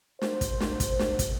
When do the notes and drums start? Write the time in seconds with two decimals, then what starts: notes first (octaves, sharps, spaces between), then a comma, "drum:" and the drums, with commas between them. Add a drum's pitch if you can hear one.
0.22 C5, drum: snare
0.41 drum: kick, hi-hat
0.60 drum: snare
0.80 drum: kick, hi-hat
0.99 drum: snare
1.19 drum: kick, hi-hat